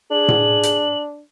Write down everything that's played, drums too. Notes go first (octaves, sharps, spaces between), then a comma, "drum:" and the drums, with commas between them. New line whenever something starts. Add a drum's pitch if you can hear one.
D4 G#4 F#7
drum: tom A2
drum: hi-hat